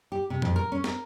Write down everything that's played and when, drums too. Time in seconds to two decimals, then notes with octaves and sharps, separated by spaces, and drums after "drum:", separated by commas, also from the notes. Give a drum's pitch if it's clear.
0.12 G4
0.30 C3
0.42 F2, drum: tom A#2
0.56 A#4
0.72 C#4
0.84 A#4, drum: snare